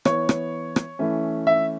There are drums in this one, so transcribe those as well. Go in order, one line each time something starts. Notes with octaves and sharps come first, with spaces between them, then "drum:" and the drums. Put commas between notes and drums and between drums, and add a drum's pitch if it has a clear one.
E3 B3 C#5, drum: rim click
drum: rim click
drum: rim click
E3 A3 C#4
E5